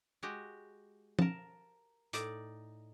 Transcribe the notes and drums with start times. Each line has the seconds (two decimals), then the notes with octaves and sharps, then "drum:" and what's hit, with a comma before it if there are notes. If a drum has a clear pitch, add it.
0.23 G#3 F#4 G4
1.19 A#4 A5, drum: tom
2.13 A2 D#4 D5, drum: hi-hat